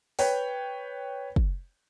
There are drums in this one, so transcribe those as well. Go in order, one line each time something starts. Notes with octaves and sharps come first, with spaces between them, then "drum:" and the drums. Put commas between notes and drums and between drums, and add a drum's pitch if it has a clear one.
B4 C#5 G5, drum: open hi-hat
drum: kick